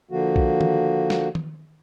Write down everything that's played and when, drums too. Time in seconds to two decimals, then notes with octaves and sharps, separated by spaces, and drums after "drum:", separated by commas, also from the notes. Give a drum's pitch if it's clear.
0.11 D3 F3 A#3 F#4
0.36 drum: kick B1
0.61 drum: tom D#3
1.10 drum: snare
1.35 drum: tom D#3